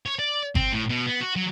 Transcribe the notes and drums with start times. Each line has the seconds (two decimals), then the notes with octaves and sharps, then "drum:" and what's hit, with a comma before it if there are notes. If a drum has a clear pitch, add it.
0.06 C#5
0.19 D5
0.55 C4, drum: kick G1
0.73 A2
0.89 B2
1.07 B3
1.21 F#4
1.36 F#3